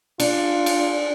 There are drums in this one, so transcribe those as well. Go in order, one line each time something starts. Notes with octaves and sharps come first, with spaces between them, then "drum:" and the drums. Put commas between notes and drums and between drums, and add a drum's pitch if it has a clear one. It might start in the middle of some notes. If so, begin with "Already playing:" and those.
D4 F4, drum: cymbal
drum: cymbal